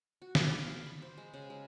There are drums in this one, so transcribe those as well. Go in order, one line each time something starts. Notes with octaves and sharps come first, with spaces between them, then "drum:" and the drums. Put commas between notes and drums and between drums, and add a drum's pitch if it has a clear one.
F#4
D5, drum: snare
F5
B5
B5
C5
G#3
C#3
G#3